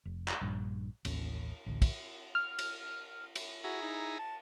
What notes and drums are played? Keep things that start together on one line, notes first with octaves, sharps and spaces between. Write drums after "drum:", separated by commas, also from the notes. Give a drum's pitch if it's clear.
F1
drum: clap
A#1 G2
A1 D#2 C#4, drum: cymbal
A1 D2
drum: kick, cymbal
F6
drum: cymbal
drum: cymbal
E4 F#4 G#4 A#5
D#4
A5